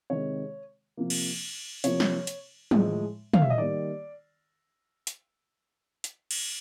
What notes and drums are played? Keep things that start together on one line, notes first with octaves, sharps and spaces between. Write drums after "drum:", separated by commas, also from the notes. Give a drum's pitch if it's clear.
C3 D#3 G#3 C#5
C3 F3 A#3
drum: cymbal
C3 F3 A#3 C#5, drum: hi-hat
drum: snare
drum: hi-hat
A2 F3 G#3, drum: tom
F5, drum: tom
E5
D#5
D#3 G3 A#3 D5
drum: hi-hat
drum: hi-hat
drum: cymbal